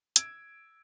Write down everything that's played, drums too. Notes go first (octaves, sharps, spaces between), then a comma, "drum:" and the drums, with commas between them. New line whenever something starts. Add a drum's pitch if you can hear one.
E6 G#6 D7, drum: hi-hat